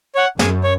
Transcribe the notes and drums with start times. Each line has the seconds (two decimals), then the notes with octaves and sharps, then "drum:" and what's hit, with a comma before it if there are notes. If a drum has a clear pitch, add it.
0.15 C#5 F#5
0.39 F#2 G#4, drum: snare
0.64 C#5